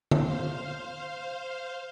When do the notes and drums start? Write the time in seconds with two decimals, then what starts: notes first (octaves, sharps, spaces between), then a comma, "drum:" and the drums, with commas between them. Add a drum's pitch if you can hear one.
0.11 C5 F5, drum: tom